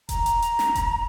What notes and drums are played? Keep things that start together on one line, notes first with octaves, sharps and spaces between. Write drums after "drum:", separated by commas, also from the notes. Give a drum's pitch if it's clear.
A#5, drum: kick E1, hi-hat
drum: hi-hat
drum: hi-hat
drum: snare
drum: kick E1, hi-hat